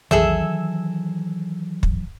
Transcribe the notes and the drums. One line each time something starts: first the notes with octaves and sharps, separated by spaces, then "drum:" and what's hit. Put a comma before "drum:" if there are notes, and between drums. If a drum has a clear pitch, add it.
D#3 E3 F#3 G#4 A4 E5, drum: tom
drum: kick